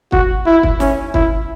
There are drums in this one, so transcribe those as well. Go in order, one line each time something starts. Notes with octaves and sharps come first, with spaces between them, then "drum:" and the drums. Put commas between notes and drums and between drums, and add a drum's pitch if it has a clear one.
F#4, drum: kick
E4
drum: kick
C#4, drum: snare
E4, drum: kick